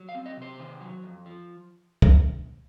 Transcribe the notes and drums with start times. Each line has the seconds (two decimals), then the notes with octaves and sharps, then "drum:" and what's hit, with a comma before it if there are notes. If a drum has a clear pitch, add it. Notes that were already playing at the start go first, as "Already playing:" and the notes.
Already playing: F#3
0.09 F5
0.15 C4
0.26 D#5
0.37 C3 C5
0.59 D#3
0.81 F#3
1.04 F2
1.26 F3
2.02 drum: kick